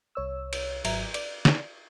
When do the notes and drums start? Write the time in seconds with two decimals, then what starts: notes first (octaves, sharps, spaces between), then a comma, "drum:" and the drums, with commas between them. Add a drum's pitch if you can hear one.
0.15 C2 C#5 E6
0.53 drum: cymbal
0.85 G#1 F#3 E5 A#5, drum: cymbal
1.14 D5, drum: cymbal
1.45 drum: snare